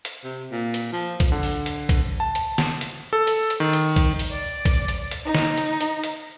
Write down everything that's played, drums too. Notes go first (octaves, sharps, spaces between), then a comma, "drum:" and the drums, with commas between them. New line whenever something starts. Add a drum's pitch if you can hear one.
drum: hi-hat
C3
A#2
drum: hi-hat
F3
drum: kick, hi-hat
D3
drum: open hi-hat
drum: hi-hat
drum: kick, hi-hat
A5
drum: hi-hat
drum: snare
drum: hi-hat
A4
drum: hi-hat
drum: hi-hat
D#3
drum: hi-hat
drum: kick, hi-hat
drum: open hi-hat
D5
drum: kick, hi-hat
drum: hi-hat
drum: hi-hat
D#4
drum: snare
drum: hi-hat
drum: hi-hat
drum: hi-hat